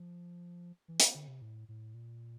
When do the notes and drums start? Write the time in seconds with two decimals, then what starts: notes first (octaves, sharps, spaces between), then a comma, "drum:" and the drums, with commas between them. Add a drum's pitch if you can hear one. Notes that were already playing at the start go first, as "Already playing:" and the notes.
Already playing: F3
0.88 E3
1.00 drum: hi-hat
1.15 D3
1.28 C3
1.42 A2
1.69 A2
1.94 A#2